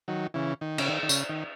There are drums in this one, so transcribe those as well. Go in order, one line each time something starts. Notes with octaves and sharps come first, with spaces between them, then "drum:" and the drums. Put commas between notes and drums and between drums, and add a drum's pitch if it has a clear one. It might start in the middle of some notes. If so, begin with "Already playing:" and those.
D#3 F#3
C#3 E3
D#3
C#3, drum: cymbal
D#3
D#3
C#3, drum: tambourine
D#3